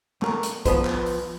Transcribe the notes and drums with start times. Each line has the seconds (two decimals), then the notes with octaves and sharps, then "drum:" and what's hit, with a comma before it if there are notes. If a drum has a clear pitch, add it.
0.22 A3 A#4, drum: clap
0.43 drum: hi-hat
0.66 F3 B3 B4 C5, drum: kick, hi-hat
0.85 drum: clap
1.06 drum: open hi-hat